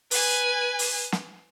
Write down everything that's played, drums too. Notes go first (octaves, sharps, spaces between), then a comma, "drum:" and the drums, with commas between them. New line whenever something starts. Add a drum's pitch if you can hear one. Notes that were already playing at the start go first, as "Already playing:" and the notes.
B4 G#5, drum: open hi-hat
drum: open hi-hat
drum: snare